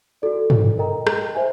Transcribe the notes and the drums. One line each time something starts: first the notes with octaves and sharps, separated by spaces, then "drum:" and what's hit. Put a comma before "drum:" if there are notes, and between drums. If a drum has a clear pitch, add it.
F#4 A4 D5
drum: tom
A#4 D#5 G5 A#5
drum: rim click
C5 E5 G#5